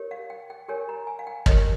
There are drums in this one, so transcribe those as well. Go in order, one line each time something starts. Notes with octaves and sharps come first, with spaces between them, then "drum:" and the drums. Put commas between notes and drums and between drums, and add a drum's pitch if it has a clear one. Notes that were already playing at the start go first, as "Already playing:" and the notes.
Already playing: G4 A#4 C#5
F5
G5
G5
G4 A#4 C#5 G#5
A#5
G#5
F5
G5
G4 A#4 C#5 D#5, drum: kick